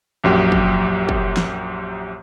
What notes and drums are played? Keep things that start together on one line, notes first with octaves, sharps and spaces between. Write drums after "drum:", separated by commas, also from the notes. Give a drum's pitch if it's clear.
A#1 F#2 F#3 G4
drum: kick
drum: kick
drum: snare